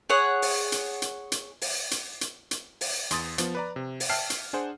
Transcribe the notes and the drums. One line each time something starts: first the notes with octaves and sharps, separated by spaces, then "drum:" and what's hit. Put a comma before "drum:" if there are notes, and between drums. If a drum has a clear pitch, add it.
G#4 C#5 F#5
drum: open hi-hat
drum: hi-hat
drum: hi-hat
drum: hi-hat
drum: open hi-hat
drum: hi-hat
drum: hi-hat
drum: hi-hat
drum: open hi-hat
E2 C6 D#6 A6, drum: hi-hat
F3 B3, drum: hi-hat
B4 D5 A#5
C3
drum: open hi-hat
E5 G5 A5 F6 C7
drum: hi-hat
D4 G#4 C5 F#5